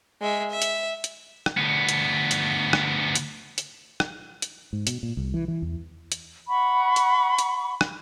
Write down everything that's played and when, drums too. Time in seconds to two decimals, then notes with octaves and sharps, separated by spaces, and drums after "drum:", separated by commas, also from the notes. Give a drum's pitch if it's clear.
0.21 G#3 E5
0.50 E5
0.62 drum: hi-hat
1.04 drum: hi-hat
1.46 drum: rim click
1.58 D2 B3
1.89 drum: hi-hat
2.31 drum: hi-hat
2.73 drum: rim click
3.15 drum: hi-hat
3.58 drum: hi-hat
4.00 drum: rim click
4.42 drum: hi-hat
4.73 G#2
4.87 B2, drum: hi-hat
5.03 A#2
5.17 C2
5.34 E3
5.48 E3
5.62 E2
6.12 drum: hi-hat
6.49 F#5 B5 C#6
6.96 drum: hi-hat
7.39 drum: hi-hat
7.81 drum: rim click